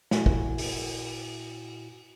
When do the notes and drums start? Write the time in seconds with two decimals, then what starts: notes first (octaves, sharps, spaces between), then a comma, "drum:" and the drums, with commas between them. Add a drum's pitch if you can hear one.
0.11 A#2 E4 F#4 G#5, drum: snare
0.26 drum: kick
0.58 drum: open hi-hat